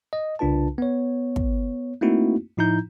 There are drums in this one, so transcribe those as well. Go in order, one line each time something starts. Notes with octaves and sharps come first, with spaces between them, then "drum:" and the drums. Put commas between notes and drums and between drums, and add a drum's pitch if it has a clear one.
D#5
C2 C#3 D4 F4 B4 A5
B3 C#5
drum: kick
A3 A#3 C4 D#4 E4 F#4
A2 F3 D#4 E4 A#5 G6